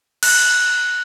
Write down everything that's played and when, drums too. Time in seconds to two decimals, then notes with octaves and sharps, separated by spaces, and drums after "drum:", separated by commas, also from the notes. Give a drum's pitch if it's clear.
0.23 F#6, drum: cymbal